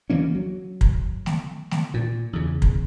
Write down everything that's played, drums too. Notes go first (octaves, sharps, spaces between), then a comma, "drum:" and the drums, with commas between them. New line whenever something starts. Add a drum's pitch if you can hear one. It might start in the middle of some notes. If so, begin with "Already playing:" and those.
D2 E3 A#3 C#4
F#3
drum: kick
drum: snare A3
drum: snare A3
A#2
E2 C#3
drum: kick